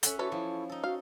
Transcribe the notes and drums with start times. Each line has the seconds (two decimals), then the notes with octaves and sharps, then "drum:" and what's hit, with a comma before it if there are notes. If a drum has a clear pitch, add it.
0.03 C#4 A4 E5 F#5, drum: hi-hat
0.19 E3 F#4 A4 C#5
0.32 F3 E4
0.69 D#4 A4
0.84 F#4 F5